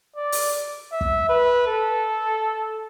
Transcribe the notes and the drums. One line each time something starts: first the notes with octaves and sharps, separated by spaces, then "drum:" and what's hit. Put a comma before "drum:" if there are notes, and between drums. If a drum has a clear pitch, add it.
D5
drum: open hi-hat
E5
drum: kick
B4
A4